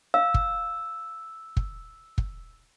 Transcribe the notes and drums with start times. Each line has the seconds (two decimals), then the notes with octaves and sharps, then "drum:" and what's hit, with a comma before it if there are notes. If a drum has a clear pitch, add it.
0.14 F5 E6
0.34 drum: kick
1.57 drum: kick
2.18 drum: kick